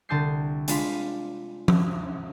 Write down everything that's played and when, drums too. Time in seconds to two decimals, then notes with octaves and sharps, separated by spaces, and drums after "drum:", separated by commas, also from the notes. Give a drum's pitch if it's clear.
0.09 C2 D3 A5 D#6 G6 C7
0.68 G#3 D4 F4 F5 B5, drum: hi-hat
1.68 drum: tom F3